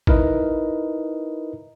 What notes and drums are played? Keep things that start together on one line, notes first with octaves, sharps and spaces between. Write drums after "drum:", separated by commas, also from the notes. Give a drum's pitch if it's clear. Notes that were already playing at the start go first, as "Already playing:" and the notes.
D#4 E4 A#4 B4 D#5, drum: kick A1